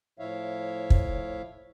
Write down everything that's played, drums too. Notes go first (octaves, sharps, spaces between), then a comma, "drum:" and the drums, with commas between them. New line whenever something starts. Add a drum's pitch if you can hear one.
A2 F3 E4 C#5 E5 F5
drum: kick